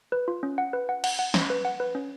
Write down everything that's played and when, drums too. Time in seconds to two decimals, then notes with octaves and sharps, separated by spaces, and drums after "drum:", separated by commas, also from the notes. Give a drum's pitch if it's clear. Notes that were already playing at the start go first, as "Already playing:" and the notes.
0.12 B4
0.28 F4
0.43 C#4
0.58 F#5
0.73 B4
0.89 F#5
1.04 F#5, drum: cymbal
1.19 F#5
1.34 C#4, drum: snare
1.50 B4
1.65 F#5
1.80 B4
1.95 C#4